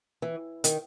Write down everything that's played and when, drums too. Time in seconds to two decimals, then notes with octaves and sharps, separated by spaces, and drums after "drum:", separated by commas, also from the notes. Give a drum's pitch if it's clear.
0.22 E3
0.64 D#3, drum: hi-hat